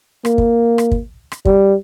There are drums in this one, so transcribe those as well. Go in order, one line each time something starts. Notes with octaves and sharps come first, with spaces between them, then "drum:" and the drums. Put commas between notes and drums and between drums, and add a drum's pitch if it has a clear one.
A#3, drum: rim click
drum: kick
drum: rim click
drum: kick
drum: rim click
G3, drum: kick